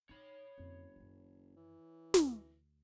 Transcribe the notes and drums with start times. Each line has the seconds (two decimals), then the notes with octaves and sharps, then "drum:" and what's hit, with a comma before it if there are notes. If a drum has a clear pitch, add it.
0.09 D#4 C#5 B5
0.58 F#1 F2 D3
0.96 F#2 D#3
1.56 E3
2.14 D2, drum: snare